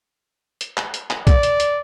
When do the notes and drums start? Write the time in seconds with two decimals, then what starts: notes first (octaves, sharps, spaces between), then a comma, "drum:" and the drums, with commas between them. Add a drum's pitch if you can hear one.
0.61 drum: hi-hat
0.77 drum: clap
0.94 drum: hi-hat
1.10 drum: clap
1.27 D5, drum: kick, hi-hat
1.43 drum: hi-hat
1.60 drum: hi-hat